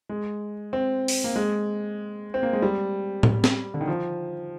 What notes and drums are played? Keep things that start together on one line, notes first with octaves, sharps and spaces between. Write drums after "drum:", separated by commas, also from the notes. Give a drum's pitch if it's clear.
G#3
C4
drum: open hi-hat
A#3
G#3
C4
A#3
G#3
G3
drum: tom A2
drum: snare C4
D3
D#3
F3